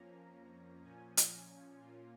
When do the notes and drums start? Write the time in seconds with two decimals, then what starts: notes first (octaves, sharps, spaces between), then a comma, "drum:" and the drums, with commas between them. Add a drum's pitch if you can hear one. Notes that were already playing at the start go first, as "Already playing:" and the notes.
Already playing: F2 F3 A#3 C#4 A#5
0.83 A#2 F3 C#4 G#5
1.17 drum: hi-hat
1.79 A#2 A#3 C#4 F4